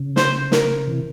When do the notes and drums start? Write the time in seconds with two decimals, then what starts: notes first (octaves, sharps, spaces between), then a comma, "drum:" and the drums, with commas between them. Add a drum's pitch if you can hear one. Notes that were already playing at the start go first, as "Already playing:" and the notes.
Already playing: C#3
0.16 C5, drum: snare
0.52 A#4, drum: snare
0.87 C3 E3